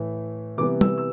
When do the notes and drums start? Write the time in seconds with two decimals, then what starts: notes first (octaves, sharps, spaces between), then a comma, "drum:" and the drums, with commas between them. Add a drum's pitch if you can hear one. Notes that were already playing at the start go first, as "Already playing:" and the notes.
Already playing: A2 E3 A3
0.58 C3 E3 G3 B3 D6
0.81 E6, drum: tom
0.98 E6